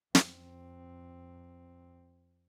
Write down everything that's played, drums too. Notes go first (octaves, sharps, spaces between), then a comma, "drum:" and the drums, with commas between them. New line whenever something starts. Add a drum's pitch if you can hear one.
F2 C4, drum: snare